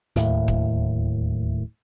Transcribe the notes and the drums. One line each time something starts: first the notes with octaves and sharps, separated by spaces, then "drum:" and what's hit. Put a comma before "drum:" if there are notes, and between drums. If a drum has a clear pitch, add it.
D1 D#2 A2, drum: hi-hat
drum: kick